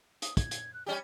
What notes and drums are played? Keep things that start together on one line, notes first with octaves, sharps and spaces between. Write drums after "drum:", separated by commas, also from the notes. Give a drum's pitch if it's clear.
D#6, drum: hi-hat
G#6, drum: kick, hi-hat
drum: hi-hat
F#6
G3 C#4 G4 G5